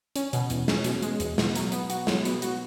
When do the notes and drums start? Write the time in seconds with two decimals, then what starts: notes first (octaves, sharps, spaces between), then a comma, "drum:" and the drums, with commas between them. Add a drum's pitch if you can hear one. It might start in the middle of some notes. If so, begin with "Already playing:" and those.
0.16 C#4, drum: hi-hat
0.33 B2, drum: hi-hat
0.50 E2, drum: hi-hat
0.68 C#4, drum: snare
0.84 B2, drum: hi-hat
1.02 G#3, drum: hi-hat
1.20 E2, drum: hi-hat
1.38 B2, drum: snare
1.55 F#3, drum: hi-hat
1.72 B3, drum: hi-hat
1.90 F#4, drum: hi-hat
2.07 F#3, drum: snare
2.25 B3, drum: hi-hat
2.42 F#4, drum: hi-hat